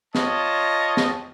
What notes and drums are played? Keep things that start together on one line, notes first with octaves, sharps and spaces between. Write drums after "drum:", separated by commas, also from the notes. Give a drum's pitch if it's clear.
F4 C#5 D#5 A5, drum: snare
drum: snare